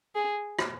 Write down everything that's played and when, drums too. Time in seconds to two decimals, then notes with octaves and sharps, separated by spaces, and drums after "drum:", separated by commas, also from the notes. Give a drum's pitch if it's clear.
0.15 G#4
0.59 drum: rim click